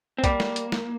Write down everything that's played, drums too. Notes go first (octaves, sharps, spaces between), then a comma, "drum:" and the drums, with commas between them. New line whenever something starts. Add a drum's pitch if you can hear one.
C4
G3 A#3, drum: kick B1, hi-hat
drum: snare
drum: hi-hat
drum: snare